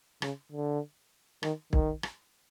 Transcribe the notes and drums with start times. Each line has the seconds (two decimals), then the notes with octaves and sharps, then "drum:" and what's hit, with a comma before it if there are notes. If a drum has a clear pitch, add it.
0.22 C#3, drum: rim click
0.52 D3
1.43 D#3, drum: rim click
1.73 D#3, drum: kick
2.03 drum: rim click